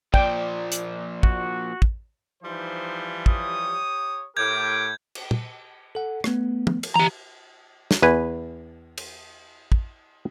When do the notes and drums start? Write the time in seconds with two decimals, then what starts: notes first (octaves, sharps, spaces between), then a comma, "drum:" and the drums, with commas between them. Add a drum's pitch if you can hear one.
0.14 A#2 F3 D5 G5, drum: kick
0.72 drum: hi-hat
1.23 F#4, drum: kick
1.82 drum: kick
2.43 E3 F3 G3 D#4 C5
3.26 G4 C#5 D#6, drum: kick
4.37 A2 G4 A#4 D6 G6 G#6
5.15 drum: cymbal
5.31 drum: tom
5.95 A4 F#5
6.24 A3 B3, drum: rim click
6.67 drum: tom
6.83 drum: cymbal
6.96 E3 G4 A#5
7.91 drum: snare
8.02 E2 B4 G#5
8.98 drum: cymbal
9.72 drum: kick